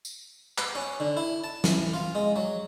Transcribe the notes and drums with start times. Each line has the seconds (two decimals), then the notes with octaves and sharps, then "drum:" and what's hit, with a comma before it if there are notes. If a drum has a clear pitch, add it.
0.05 drum: tambourine
0.58 B4, drum: clap
0.75 C#4
1.00 D3
1.17 E4
1.44 A5
1.64 E3, drum: snare
1.93 F4
2.15 G#3
2.36 F#3